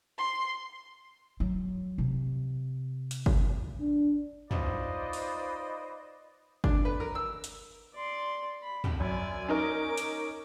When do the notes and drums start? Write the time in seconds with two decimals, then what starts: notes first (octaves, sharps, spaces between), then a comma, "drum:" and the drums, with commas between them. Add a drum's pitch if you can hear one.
0.18 C6
1.40 F#3
1.98 C3
3.11 drum: hi-hat
3.26 drum: kick G1
3.80 D4
4.51 D#4 F4 B4 C5 D5 D#5, drum: tom
5.13 drum: open hi-hat
6.64 D4, drum: kick G1
6.85 B4
7.00 A#4
7.15 E6
7.44 drum: hi-hat
7.94 D5 C6
8.63 B5
8.84 drum: tom
9.00 F#2 D5 G#5
9.48 C#4 D#4 A#4 D6
9.98 drum: hi-hat